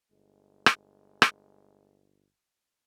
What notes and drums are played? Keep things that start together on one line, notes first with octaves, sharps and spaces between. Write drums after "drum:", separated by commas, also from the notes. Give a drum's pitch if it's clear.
G1 G#3
drum: rim click
drum: rim click